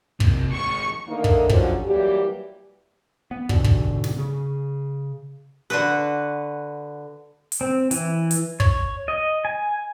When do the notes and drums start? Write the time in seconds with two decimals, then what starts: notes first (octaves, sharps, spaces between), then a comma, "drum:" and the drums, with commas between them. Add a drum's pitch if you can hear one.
0.20 C3 A#3, drum: kick
0.52 D#3 G#3 C#6
1.07 D3 D#3 A3 A#3 D#4 A#4
1.24 drum: kick
1.49 D3 F3 F#3 C#4 G4, drum: kick
1.86 E3 F#3 G3 A#3 G4
3.31 B3
3.49 G#2 B2 D3, drum: kick
3.64 drum: kick
4.04 drum: snare
4.18 C#3
5.70 D3 F#4 B4
7.52 drum: hi-hat
7.61 C4
7.91 E3, drum: hi-hat
8.31 drum: hi-hat
8.60 C#5, drum: kick
9.08 D#5
9.45 G#5